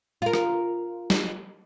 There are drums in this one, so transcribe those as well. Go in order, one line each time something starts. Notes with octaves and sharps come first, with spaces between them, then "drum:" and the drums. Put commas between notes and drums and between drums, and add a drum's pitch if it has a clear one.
F4 A#4
drum: rim click
drum: snare